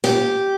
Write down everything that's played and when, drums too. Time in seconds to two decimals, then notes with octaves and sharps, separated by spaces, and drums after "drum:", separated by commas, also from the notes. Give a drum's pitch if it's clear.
0.04 G4, drum: snare